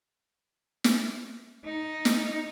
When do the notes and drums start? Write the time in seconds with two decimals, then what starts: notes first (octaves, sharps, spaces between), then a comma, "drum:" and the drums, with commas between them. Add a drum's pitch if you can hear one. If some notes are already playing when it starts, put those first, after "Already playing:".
0.84 drum: snare
1.65 D#4
2.05 drum: snare